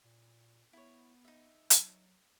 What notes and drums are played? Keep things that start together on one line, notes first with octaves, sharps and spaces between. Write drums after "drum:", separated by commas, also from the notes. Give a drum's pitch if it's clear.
A#2
B3 E4 C#5
D#4 E5
F#3, drum: hi-hat